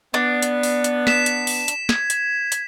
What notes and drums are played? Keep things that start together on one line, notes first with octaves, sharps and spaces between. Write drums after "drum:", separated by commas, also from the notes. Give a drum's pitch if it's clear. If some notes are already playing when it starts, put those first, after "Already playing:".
B3 D4
drum: hi-hat
drum: open hi-hat
drum: hi-hat
B6 E7, drum: snare
drum: hi-hat
drum: open hi-hat
drum: hi-hat
G#6, drum: snare
drum: hi-hat
drum: hi-hat